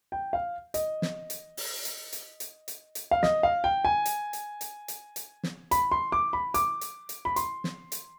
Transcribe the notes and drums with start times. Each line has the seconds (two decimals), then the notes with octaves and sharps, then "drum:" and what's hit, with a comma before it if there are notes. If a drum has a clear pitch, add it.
0.12 G5
0.33 F5
0.74 D#5, drum: hi-hat
1.02 drum: snare
1.30 drum: hi-hat
1.57 drum: open hi-hat
1.85 drum: hi-hat
2.13 drum: hi-hat
2.40 drum: hi-hat
2.68 drum: hi-hat
2.95 drum: hi-hat
3.11 F5
3.23 D#5, drum: snare
3.43 F5
3.64 G5
3.85 G#5
4.06 drum: hi-hat
4.33 drum: hi-hat
4.61 drum: hi-hat
4.88 drum: hi-hat
5.16 drum: hi-hat
5.43 drum: snare
5.71 B5, drum: hi-hat
5.92 C6
6.12 D6
6.33 B5
6.54 D6, drum: hi-hat
6.81 drum: hi-hat
7.09 drum: hi-hat
7.25 B5
7.36 C6, drum: hi-hat
7.64 drum: snare
7.92 drum: hi-hat